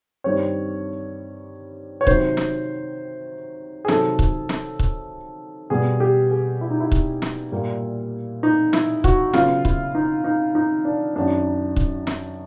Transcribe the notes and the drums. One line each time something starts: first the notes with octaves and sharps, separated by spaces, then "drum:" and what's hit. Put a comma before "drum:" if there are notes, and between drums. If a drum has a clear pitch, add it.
G2 D#3 G3 C4 C#5
C#5
C3 D#3 F#3 C5, drum: kick C#1
drum: snare
G#4
C3 D#3 F#3 A4, drum: snare
drum: kick C#1
drum: snare
drum: kick C#1
B2 G3 B3 G#4
G4
G#4
E4
D#4
E4
drum: kick C#1
drum: snare
A#2 G3 A#3
D#4
E4, drum: snare
F#4, drum: kick C#1
C#3 F#3 B3 F4, drum: snare
E4, drum: kick C#1
D#4
D#4
D#4
D4
F#2 D#3 F#3 D4
drum: kick C#1
drum: snare